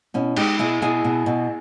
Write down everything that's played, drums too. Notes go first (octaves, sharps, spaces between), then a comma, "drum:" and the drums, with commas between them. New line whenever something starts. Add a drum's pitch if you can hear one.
B2 C#4 E4
G#3 D#4 G4, drum: cymbal
B2 E4 G#4
B2 E4 G#4
B2
B2